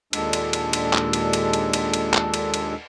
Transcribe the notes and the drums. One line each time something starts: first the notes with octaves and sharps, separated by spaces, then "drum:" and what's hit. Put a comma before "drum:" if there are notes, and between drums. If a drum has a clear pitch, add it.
D#2 A#2 G#3 D4 A4, drum: cymbal
drum: cymbal
drum: cymbal
drum: cymbal
drum: clap
drum: cymbal
drum: cymbal
drum: cymbal
drum: cymbal
drum: cymbal
drum: clap
drum: cymbal
drum: cymbal